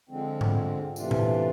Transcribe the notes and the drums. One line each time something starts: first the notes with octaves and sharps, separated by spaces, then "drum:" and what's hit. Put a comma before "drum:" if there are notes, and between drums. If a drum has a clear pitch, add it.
D3 F3 G#3 C4
drum: tom G#2
C3 E3 A3 D4 F4, drum: tambourine
drum: tom A2